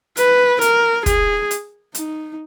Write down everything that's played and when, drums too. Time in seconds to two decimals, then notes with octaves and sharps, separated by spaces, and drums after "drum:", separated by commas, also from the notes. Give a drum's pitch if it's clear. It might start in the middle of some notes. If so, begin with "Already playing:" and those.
0.17 B4, drum: hi-hat
0.61 A#4, drum: hi-hat
1.06 G#4, drum: kick, hi-hat
1.51 drum: hi-hat
1.95 D#4, drum: hi-hat